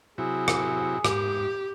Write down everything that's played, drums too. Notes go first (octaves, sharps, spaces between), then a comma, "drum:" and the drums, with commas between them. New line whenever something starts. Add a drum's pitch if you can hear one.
C3 F#3 E4 G#4
drum: rim click
G#2 G4, drum: rim click